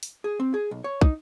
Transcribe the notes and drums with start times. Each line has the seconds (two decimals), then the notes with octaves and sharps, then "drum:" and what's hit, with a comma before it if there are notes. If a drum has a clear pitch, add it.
0.03 drum: open hi-hat
0.24 G#4
0.40 C4
0.54 G#4
0.71 B1
0.84 C#5
1.01 D#4, drum: kick